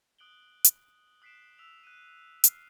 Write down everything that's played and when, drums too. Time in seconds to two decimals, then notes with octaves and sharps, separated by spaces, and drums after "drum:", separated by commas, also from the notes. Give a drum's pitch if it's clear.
0.19 D#6 F#6 D7 F#7 G7
0.64 drum: hi-hat
1.22 D#6 F#6 B6 C7 D7 E7
1.59 E6 B6 F7
1.83 F#6 D#7
2.44 F6 F#6 C7, drum: hi-hat